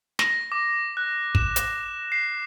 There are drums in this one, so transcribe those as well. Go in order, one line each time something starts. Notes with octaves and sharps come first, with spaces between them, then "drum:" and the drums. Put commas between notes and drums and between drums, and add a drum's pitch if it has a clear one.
A#6, drum: snare
D6
F#6
E7, drum: kick
E7, drum: hi-hat
C7